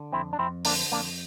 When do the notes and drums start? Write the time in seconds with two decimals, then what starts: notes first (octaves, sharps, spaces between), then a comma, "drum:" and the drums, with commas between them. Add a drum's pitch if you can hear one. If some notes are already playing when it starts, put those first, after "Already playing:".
Already playing: D3
0.13 F2 C4 E4
0.33 D4
0.39 F2 C4 E4
0.65 D3 A#3 D4, drum: open hi-hat
0.92 F2 A#3 D4